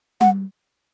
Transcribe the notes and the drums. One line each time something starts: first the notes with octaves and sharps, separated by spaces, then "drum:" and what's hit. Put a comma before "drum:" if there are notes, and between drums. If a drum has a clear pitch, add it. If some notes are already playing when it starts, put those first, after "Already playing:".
F#5, drum: tom G3